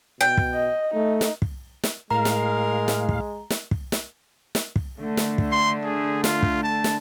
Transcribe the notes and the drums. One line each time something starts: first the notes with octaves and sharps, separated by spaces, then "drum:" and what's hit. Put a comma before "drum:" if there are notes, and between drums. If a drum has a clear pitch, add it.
B2 G5
drum: kick
D#5
A3 D#4
drum: snare
drum: kick
drum: snare
A2 G#3 A#4 F5 A#5
drum: snare
drum: snare
drum: kick
drum: snare
drum: kick
drum: snare
drum: snare
drum: kick
D3 A3
drum: snare
drum: kick
C6
G#4
F4, drum: snare
drum: kick
A5
drum: snare